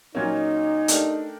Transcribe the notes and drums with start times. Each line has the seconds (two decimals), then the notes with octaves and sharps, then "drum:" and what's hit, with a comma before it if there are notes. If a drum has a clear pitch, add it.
0.14 A#2 F#3 A#3 C#4 D#4
0.88 A3 D4 G4 A#4, drum: hi-hat